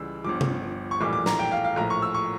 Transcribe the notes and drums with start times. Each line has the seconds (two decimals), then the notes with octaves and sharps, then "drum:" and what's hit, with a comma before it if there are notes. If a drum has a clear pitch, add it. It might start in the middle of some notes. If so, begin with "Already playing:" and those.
Already playing: C#2 C#3 E3 G3 E6
0.24 G1 G2 F3 D6
0.41 drum: tom C3
0.91 C#6
1.01 A#1 A2 E3 G3 D6
1.13 D6
1.26 A#5, drum: snare
1.39 G5
1.52 F5
1.64 F5
1.76 A#1 A2 F3 A#5
1.90 C#6
2.02 E6
2.14 C#6